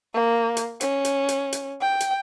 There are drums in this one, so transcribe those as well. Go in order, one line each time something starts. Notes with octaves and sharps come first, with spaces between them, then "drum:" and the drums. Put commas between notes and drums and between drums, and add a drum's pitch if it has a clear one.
A#3
drum: hi-hat
C#4, drum: hi-hat
drum: hi-hat
drum: hi-hat
drum: hi-hat
G5
drum: hi-hat